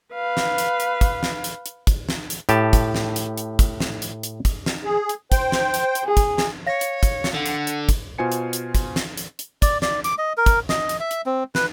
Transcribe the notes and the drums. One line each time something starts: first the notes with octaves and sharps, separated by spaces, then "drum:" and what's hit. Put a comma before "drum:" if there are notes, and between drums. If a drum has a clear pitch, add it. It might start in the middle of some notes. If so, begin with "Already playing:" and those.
B4 F5
drum: snare
drum: hi-hat
drum: hi-hat
drum: kick, hi-hat
drum: snare
drum: hi-hat
drum: hi-hat
drum: kick, hi-hat
drum: snare
drum: hi-hat
A2 G4 A5, drum: hi-hat
drum: kick, hi-hat
drum: snare
drum: hi-hat
drum: hi-hat
drum: kick, hi-hat
drum: snare
drum: hi-hat
drum: hi-hat
drum: kick, hi-hat
drum: snare
G#4
drum: hi-hat
C5 G5, drum: kick, hi-hat
drum: snare
drum: hi-hat
drum: hi-hat
G#4
drum: kick, hi-hat
drum: snare
C#5 F5 A#6
drum: hi-hat
drum: kick, hi-hat
drum: snare
D3 F#5
drum: hi-hat
drum: hi-hat
drum: kick, hi-hat
B2 F4 C5 G#5 C#7
drum: hi-hat
drum: hi-hat
drum: kick, hi-hat
drum: snare
drum: hi-hat
drum: hi-hat
D5, drum: kick, hi-hat
D5, drum: snare
D6, drum: hi-hat
D#5
A#4
drum: kick, hi-hat
D#5, drum: snare
drum: hi-hat
E5
drum: hi-hat
C4
B4, drum: snare